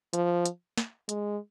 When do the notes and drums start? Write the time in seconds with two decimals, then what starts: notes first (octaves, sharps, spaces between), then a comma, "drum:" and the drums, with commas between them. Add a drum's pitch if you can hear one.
0.13 F3, drum: hi-hat
0.46 drum: hi-hat
0.78 drum: snare
1.09 G#3, drum: hi-hat